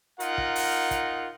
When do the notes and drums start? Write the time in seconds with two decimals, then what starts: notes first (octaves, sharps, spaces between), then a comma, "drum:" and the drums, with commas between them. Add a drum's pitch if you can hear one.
0.20 D#4 F4 A#4 F#5, drum: hi-hat
0.38 drum: kick
0.56 drum: open hi-hat
0.91 drum: kick, hi-hat